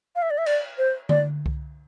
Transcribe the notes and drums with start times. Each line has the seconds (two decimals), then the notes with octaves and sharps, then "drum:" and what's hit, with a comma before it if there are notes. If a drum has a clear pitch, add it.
0.16 F5
0.22 E5
0.30 D5
0.38 E5
0.46 D5, drum: cymbal
0.78 C5
1.09 D5, drum: tom D3
1.46 drum: kick C2